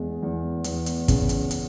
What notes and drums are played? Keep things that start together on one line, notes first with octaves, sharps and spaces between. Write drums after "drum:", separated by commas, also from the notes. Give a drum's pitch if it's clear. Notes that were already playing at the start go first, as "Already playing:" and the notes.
Already playing: E2 G#3
E2
E2, drum: hi-hat
drum: hi-hat
C#3, drum: kick, hi-hat
drum: hi-hat
drum: hi-hat